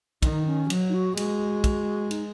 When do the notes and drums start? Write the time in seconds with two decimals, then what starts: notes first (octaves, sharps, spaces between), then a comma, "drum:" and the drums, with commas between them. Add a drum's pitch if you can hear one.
0.23 D#3 D#4, drum: kick, cymbal
0.46 C#4
0.70 F#3, drum: cymbal
0.89 D#4
0.94 F#4
1.17 G#3 F#4, drum: cymbal
1.64 drum: kick, cymbal
2.11 D#4, drum: cymbal